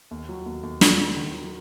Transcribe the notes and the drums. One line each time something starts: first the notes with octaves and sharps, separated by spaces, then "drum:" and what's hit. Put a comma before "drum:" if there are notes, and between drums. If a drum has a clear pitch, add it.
D#2
F#3
D#2
D#2
D#2, drum: snare
D#2
D#3
F#3